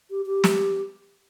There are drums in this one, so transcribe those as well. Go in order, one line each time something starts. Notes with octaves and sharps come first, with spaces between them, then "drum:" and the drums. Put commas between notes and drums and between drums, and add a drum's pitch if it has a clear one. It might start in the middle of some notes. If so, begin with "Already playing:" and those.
G4
G4
drum: snare